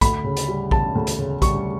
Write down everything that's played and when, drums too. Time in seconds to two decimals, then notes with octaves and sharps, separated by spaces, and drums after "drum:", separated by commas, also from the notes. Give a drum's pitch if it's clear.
0.01 D2 B5, drum: kick A#1, hi-hat
0.24 C#3
0.37 drum: hi-hat
0.48 G3
0.71 E1 A5, drum: kick A#1
0.95 D2
1.07 drum: hi-hat
1.19 C#3
1.42 G3 C#6, drum: kick A#1, hi-hat